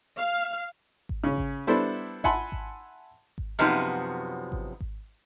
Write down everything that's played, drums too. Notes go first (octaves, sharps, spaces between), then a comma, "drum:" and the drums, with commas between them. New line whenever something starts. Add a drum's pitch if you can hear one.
F5
drum: kick G#1
C#3 C#4
drum: kick G#1
G3 B3 D4 E4 A4 C5
E5 F#5 G#5 A5 B5 C6, drum: kick G#1
drum: kick G#1
drum: kick G#1
F#2 C3 F3 B3 D#4 F#4
drum: kick G#1
drum: kick G#1